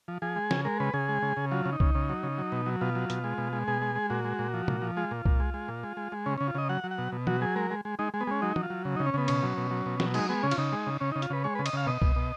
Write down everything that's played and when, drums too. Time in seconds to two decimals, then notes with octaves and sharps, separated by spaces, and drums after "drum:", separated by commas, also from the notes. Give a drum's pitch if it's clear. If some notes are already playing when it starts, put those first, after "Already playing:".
0.08 F3
0.22 F3 G#4
0.36 G#3
0.51 C#3, drum: snare
0.65 G#3 A#4
0.80 C#3 B4
0.94 C#3 G#4
1.08 G#3
1.22 C#3
1.37 C#3
1.51 F#3 F4
1.65 C#3
1.73 D#4
1.80 C#3, drum: kick C2
1.95 C#3
2.09 F#3
2.23 C#3
2.38 F#3
2.52 B2
2.66 F#3
2.81 B2 F4
2.95 F#3
3.10 B2, drum: hi-hat
3.24 G#3
3.38 B2
3.53 G#3
3.68 B2 G#4
3.82 G#3
3.96 G#3
4.10 A#2 F#4
4.24 G#3
4.39 A#2
4.54 F3
4.68 A#2, drum: tom
4.82 F3
4.97 G#3 F4
5.11 A#2
5.25 A#2, drum: kick C2
5.40 G#3
5.54 G#3
5.68 A#2
5.83 G#3
5.97 G#3
6.12 G#3
6.26 C#3 C#4
6.38 C#3 C#4
6.48 F4
6.55 C#3 D#5
6.69 F#3 F#5
6.84 F#3
6.91 F#5
6.98 B2
7.12 B2
7.27 F#3 F#4, drum: tom
7.41 F#3 G#4
7.56 G#3 A#4
7.71 G#3
7.85 G#3
7.99 G#3 D#4
8.14 G#3
8.21 B3
8.27 G#3 C#4
8.42 F#3 D#4
8.56 F#3, drum: tom
8.63 F4
8.70 F#3
8.85 C#3
8.96 C#3 D#4
9.06 C#4
9.14 C#3 B3
9.28 B2 C#4, drum: cymbal
9.43 F#3
9.57 B2
9.71 F#3
9.86 B2
10.00 F#3, drum: snare
10.14 G#3 D#4, drum: cymbal
10.29 G#3 B3
10.43 C#3 C#4
10.51 F4, drum: cymbal
10.57 C#3 D#4
10.72 G#3
10.87 C#3
11.00 C#3 C#4
11.12 C#3 D#4
11.22 F4, drum: hi-hat
11.30 C#3 B4
11.44 G#3 C#5
11.55 C#3 B4
11.66 D#5, drum: cymbal
11.73 C#3 F5
11.87 B2 D#5
12.02 B2, drum: kick C2
12.16 B2